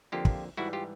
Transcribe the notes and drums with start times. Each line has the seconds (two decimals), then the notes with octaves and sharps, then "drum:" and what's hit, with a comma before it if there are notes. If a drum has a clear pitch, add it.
0.12 F2 D3 F3 A#3 F4 G4
0.25 drum: kick
0.57 G#2 E3 G3 E4 F#4
0.73 F4 G4